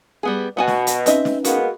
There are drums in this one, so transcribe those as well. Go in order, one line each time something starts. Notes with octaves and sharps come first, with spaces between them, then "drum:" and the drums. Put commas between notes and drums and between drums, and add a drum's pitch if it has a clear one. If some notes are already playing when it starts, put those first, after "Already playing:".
G3 B3 G#4
B2 B3 F#4 G#5
drum: snare
drum: hi-hat
C4 C#4 D#4 B4 D#5 E5, drum: hi-hat
drum: snare
G#3 A#3 B3 F#4, drum: hi-hat